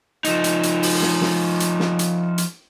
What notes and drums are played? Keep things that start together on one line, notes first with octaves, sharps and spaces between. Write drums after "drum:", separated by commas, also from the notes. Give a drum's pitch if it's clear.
F3 D#4, drum: hi-hat
drum: hi-hat
drum: hi-hat
drum: open hi-hat
drum: snare
drum: snare
drum: hi-hat
drum: snare
drum: hi-hat
drum: hi-hat